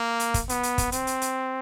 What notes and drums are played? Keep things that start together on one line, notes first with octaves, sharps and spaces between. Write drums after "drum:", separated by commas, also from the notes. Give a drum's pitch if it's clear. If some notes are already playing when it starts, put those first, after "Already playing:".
Already playing: A#3
drum: hi-hat
drum: kick, hi-hat
B3, drum: hi-hat
drum: hi-hat
drum: kick, hi-hat
C4, drum: hi-hat
drum: hi-hat
drum: hi-hat